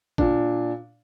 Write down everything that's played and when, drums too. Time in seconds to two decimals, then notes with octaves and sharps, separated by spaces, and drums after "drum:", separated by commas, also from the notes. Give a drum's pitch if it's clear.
0.18 A#2 D4, drum: kick